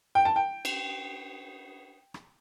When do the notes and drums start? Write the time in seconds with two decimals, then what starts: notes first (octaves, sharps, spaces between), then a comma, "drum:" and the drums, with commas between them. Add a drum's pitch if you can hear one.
0.15 G5
0.25 A5
0.36 G5
0.65 drum: cymbal
2.14 drum: rim click